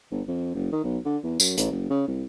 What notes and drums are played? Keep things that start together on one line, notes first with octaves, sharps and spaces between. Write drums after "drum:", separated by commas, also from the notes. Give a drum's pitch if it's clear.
G1
F2
F#1
D#3
B1
D3
E2
F#2, drum: tambourine
A1, drum: hi-hat
F#1
C#3
C2